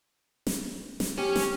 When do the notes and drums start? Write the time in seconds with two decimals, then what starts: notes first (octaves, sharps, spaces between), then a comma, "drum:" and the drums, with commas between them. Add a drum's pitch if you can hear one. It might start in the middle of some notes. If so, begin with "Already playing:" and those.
0.47 drum: snare
1.00 drum: snare
1.18 C#4 G4
1.36 drum: snare